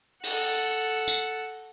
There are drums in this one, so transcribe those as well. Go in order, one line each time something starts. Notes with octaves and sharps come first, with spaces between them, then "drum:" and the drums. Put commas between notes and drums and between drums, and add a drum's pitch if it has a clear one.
A4 F#5, drum: open hi-hat
drum: tambourine